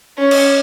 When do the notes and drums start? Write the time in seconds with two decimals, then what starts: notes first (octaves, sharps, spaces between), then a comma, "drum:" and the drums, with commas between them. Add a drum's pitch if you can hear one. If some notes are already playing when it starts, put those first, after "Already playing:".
0.18 C#4
0.31 drum: cymbal